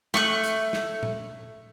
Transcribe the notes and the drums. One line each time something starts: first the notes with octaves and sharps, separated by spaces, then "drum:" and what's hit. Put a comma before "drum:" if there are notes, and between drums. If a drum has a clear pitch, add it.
A3 C#6 F#6, drum: snare
drum: hi-hat
drum: snare
drum: tom A#2